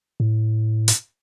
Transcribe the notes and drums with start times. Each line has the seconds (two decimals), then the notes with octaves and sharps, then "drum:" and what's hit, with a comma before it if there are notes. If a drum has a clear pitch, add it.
0.20 A2
0.88 drum: hi-hat